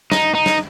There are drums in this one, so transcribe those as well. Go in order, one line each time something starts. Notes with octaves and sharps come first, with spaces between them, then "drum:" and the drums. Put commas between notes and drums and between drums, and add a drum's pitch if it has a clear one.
D#4, drum: snare
D#4
drum: snare